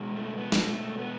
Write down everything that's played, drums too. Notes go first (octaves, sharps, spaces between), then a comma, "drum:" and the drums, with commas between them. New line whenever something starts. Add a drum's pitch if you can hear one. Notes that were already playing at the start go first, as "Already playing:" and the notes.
Already playing: B2 G#3
A3
B3
drum: snare
A3
B3